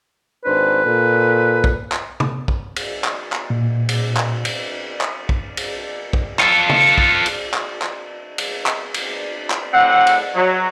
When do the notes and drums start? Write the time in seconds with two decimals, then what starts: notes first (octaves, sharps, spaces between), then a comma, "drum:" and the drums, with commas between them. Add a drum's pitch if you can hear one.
0.45 G#1 D4 B4 C5
0.84 A#2 A4
1.64 drum: kick
1.92 drum: clap
2.20 drum: tom
2.48 drum: kick
2.76 drum: cymbal
3.04 drum: clap
3.32 drum: clap
3.50 A#2
3.89 drum: cymbal
4.17 drum: clap
4.45 drum: cymbal
5.01 drum: clap
5.29 drum: kick
5.57 drum: cymbal
6.13 drum: kick
6.39 F4 A4, drum: clap
6.70 drum: tom
6.98 drum: kick
7.26 drum: cymbal
7.54 drum: clap
7.82 drum: clap
8.38 drum: cymbal
8.66 drum: clap
8.94 drum: cymbal
9.50 drum: clap
9.74 A2 C4 F#5
10.07 drum: cymbal
10.35 F#3